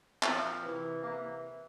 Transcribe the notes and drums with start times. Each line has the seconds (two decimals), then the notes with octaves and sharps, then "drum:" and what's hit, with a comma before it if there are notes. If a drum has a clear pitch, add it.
0.23 A#2 F3 C4, drum: clap
0.62 C3 E3
1.01 C3 E3 A#3